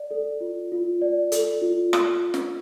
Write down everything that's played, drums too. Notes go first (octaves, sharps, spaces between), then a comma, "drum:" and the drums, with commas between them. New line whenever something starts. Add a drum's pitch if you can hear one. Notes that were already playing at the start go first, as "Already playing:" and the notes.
Already playing: D5
A4
F4
F4
D5
A4, drum: hi-hat
F4
F4, drum: rim click
drum: snare